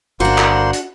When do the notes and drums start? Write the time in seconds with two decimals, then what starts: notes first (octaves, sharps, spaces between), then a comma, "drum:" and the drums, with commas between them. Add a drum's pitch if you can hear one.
0.20 G1 A#3 D4 F#4 C5 C6
0.38 drum: clap
0.73 drum: hi-hat